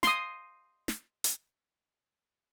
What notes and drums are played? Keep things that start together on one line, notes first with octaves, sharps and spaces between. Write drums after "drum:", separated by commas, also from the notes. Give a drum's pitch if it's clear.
C6 D#6, drum: snare
drum: snare
drum: hi-hat